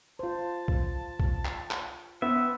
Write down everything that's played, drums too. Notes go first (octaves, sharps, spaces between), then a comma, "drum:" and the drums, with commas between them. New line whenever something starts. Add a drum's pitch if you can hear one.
F4 C5 A5
drum: kick B1
drum: kick B1
drum: clap
drum: clap
B3 C4 E5